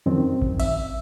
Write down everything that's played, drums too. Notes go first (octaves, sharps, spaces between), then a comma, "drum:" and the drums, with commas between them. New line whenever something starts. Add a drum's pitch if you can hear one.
F#2 D#3 C4
drum: kick A1
E5, drum: cymbal